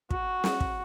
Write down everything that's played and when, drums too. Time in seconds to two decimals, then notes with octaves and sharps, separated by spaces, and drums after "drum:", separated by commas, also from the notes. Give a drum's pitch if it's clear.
0.11 F#4, drum: kick
0.44 drum: snare
0.61 drum: kick